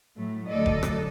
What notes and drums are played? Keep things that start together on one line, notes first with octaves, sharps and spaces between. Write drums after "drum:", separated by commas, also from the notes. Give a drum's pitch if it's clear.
A2 F#3 A3
D2 F#3 A3 A4 D5 D#5
drum: kick
drum: rim click